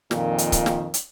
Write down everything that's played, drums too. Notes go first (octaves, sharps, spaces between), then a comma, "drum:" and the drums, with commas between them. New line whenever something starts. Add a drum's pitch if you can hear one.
F2 A#2 D#3, drum: snare
drum: hi-hat
drum: kick C#1, hi-hat
drum: snare
drum: hi-hat